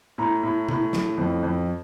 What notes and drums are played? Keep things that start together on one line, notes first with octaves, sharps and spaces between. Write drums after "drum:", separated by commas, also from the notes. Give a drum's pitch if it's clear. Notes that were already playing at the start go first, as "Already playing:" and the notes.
A2 A#5
A2
A2, drum: tom C3
A2, drum: snare
F2
F2